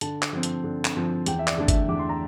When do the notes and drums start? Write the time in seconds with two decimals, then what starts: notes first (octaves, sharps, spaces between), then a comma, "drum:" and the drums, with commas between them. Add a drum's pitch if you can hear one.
0.01 D3 A5, drum: hi-hat
0.22 drum: clap
0.33 F3 C4
0.43 drum: hi-hat
0.64 D3
0.85 drum: clap
0.95 F3 C4
1.26 E2 G5, drum: hi-hat
1.39 E5
1.47 D5, drum: clap
1.58 D3 A3 D4
1.68 E5, drum: kick, hi-hat
1.89 E2 D6
1.99 C6
2.09 A#5